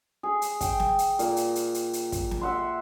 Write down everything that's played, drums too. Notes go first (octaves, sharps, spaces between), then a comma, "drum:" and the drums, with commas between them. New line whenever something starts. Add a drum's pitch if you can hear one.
G#4
drum: hi-hat
G5, drum: kick, hi-hat
drum: snare
drum: hi-hat
A#2, drum: hi-hat
drum: hi-hat
drum: hi-hat
drum: hi-hat
drum: hi-hat
drum: kick, hi-hat
drum: snare
E5 F#5 C6